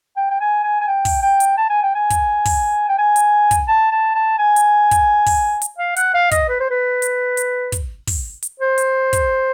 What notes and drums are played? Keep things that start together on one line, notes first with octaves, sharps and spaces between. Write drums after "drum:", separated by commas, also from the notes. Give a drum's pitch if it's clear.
G5
G5
G#5
G#5
G#5
G5
drum: kick, open hi-hat
G5
drum: hi-hat
A5
G#5
G5
G#5
drum: kick, hi-hat
drum: kick, open hi-hat
G5
G#5
drum: hi-hat
drum: kick, hi-hat
A5
A5
A5
G#5
drum: hi-hat
drum: kick, hi-hat
drum: kick, open hi-hat
drum: hi-hat
F5
F#5, drum: hi-hat
F5
D#5, drum: kick, hi-hat
B4
C5
B4
drum: hi-hat
drum: hi-hat
drum: kick, hi-hat
drum: kick, open hi-hat
drum: hi-hat
C5
drum: hi-hat
drum: kick, hi-hat